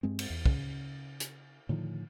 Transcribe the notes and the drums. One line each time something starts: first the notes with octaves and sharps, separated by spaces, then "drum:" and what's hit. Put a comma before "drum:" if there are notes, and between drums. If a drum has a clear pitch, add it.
G2 G#3 C4
drum: cymbal
E2
C#3, drum: kick
drum: hi-hat
A2 D3 D#3 F3